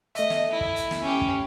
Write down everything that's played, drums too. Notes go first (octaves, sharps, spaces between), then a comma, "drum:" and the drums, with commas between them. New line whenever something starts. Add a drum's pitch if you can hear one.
A3 D#5 E5, drum: hi-hat
drum: snare
E4
drum: kick
drum: hi-hat
drum: snare
C#4 G4
drum: kick